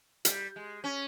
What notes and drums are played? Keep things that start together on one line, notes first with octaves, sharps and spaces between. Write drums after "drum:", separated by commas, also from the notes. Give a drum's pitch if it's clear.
G3, drum: hi-hat
G#3
C#4